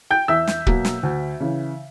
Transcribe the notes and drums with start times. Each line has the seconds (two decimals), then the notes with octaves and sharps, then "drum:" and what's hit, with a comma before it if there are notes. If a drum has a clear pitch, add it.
0.11 G5 G6
0.28 E2 E5 E6
0.48 drum: snare
0.67 B2 F#3 A#3, drum: kick
0.85 drum: snare
1.03 D2
1.40 C#3 E3